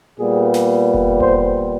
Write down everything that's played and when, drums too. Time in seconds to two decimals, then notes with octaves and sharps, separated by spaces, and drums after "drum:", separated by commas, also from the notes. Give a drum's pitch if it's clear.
0.20 A#2 G3 B3 G#4
0.54 drum: snare
0.94 drum: kick F1
1.20 C5, drum: kick F1